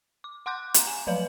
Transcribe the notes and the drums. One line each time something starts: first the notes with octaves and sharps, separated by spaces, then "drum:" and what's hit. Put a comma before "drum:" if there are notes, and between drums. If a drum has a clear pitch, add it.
D6
F#5 C6 D6 F#6 G6
A#5 E7, drum: hi-hat
G#5 E7
F3 F#3 B4 F5 F#7